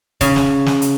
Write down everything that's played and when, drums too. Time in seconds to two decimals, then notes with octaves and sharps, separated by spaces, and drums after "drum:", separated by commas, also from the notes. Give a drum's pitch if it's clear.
0.21 C#3, drum: kick, hi-hat
0.36 drum: snare
0.66 drum: snare
0.82 drum: hi-hat